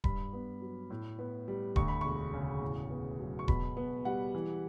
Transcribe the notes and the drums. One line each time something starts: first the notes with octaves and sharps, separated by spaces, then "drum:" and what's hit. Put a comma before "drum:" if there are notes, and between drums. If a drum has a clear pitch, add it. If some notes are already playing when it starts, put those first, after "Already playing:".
G2 B5, drum: kick D#1
B3
F#3
A2
B3
G3
D2 C#6, drum: kick D#1
B5
E1 C#6
C#3
A2
B3
F#3
C#6
B2 B5, drum: kick D#1
B3
G3 F#5
E3